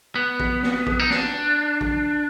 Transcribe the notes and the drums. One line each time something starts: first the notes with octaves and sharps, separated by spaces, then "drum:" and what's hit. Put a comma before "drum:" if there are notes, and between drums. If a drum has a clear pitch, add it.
B3
drum: kick A1
drum: snare
drum: kick A1
D#4
D4, drum: snare
drum: kick A1